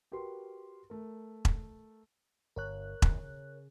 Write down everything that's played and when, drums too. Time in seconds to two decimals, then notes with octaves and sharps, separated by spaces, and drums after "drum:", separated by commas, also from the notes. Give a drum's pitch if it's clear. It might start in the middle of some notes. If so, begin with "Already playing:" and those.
0.12 F#4 G4 A#4 B4 C6
0.90 A3 A#4
1.45 drum: kick E1
2.56 G1 A#4 C#5 F#6
3.02 D1 A#1 D3, drum: kick E1
3.23 C#3